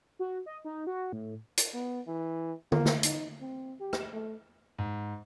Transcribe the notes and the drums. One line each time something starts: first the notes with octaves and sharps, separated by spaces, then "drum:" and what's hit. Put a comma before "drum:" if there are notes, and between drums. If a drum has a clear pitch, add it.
F#4
D#5
D#4
F#4
A2
drum: hi-hat
B3
E3
A#3, drum: tom D3
drum: snare
D#4, drum: hi-hat
C4
G4
drum: rim click
A3
G#2